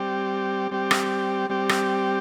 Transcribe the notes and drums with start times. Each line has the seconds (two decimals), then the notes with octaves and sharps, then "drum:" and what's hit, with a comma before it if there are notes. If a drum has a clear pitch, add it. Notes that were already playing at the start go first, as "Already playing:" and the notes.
Already playing: G3 C4 G4
0.71 G3 C4 G4
0.91 drum: rim click
1.49 G3 C4 G4
1.69 drum: rim click